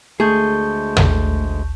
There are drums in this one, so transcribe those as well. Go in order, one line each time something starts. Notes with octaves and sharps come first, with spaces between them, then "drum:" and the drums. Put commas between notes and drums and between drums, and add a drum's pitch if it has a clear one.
D2 G#3 A3 G#4 A5 C#6 G6
drum: tom